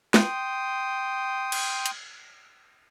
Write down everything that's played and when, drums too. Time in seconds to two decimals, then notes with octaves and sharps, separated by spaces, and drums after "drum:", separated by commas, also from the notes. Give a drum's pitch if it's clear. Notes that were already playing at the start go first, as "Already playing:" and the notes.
0.14 G5 C6 D#6, drum: snare
1.52 drum: cymbal
1.86 drum: hi-hat